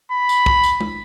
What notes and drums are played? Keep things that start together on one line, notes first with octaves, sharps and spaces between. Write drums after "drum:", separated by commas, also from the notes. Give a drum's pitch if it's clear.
B5
drum: tambourine
drum: kick
drum: tambourine
drum: tom G#3